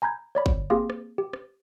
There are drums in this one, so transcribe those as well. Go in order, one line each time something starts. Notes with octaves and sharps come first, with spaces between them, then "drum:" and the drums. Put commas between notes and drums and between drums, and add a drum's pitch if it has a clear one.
G#5 A#5 B5 G6 G#6
C#5 D5 B5
drum: kick
A#3 C4 F4 G4 G#4 F5
drum: rim click
G4
drum: rim click